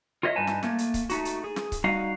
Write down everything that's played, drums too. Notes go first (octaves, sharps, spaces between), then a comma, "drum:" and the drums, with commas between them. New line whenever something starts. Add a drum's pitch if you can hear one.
F4 A#4 C#5 D#5 E5
G2 D#4 B4 G#5 A5
drum: snare
A3 A#3, drum: snare
drum: hi-hat
drum: kick C#1, hi-hat
A3 D#4 F#4, drum: hi-hat
drum: hi-hat
G#4
drum: snare
drum: kick C#1, hi-hat
G3 D#4 F#4 F5